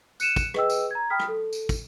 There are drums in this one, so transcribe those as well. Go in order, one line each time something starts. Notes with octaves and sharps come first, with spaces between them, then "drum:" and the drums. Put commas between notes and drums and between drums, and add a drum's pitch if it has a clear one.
F#6 C#7 D#7 E7, drum: tambourine
drum: kick, tambourine
G#4 B4 D#5 G5 E6, drum: rim click
drum: tambourine
A#5 G#6
G5 B5 D#6 F6 B6
drum: rim click
A4
drum: tambourine
drum: kick, tambourine